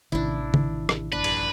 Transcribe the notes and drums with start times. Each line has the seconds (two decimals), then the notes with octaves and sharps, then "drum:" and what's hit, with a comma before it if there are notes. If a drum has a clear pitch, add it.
0.12 A1 C3 D#3 D4 E4
0.54 D#3, drum: tom C#3
0.89 drum: rim click
1.12 F#1 D4 B4
1.24 drum: cymbal